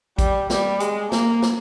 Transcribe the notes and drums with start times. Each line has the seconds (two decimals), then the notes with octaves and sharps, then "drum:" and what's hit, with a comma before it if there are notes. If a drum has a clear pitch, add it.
0.19 G3, drum: kick, hi-hat
0.50 G3, drum: snare
0.80 G#3, drum: hi-hat
1.12 A#3, drum: snare
1.42 drum: snare